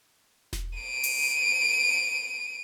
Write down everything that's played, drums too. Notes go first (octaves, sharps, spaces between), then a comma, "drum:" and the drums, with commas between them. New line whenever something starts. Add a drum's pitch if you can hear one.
drum: snare E1
D7 D#7
drum: open hi-hat